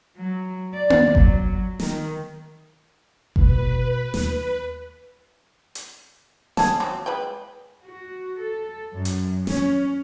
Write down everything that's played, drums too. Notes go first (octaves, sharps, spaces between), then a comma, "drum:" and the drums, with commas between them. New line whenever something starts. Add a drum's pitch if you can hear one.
F#3
D5
drum: tom A#3
F#3, drum: kick G1
D#3, drum: snare
B2 A#3 B4, drum: kick G1
D#2, drum: snare
drum: hi-hat
D3 G#4 A5, drum: snare
F#3 C4
G#3 B4 G5
F#4
A4
F#2
drum: hi-hat
C#4, drum: snare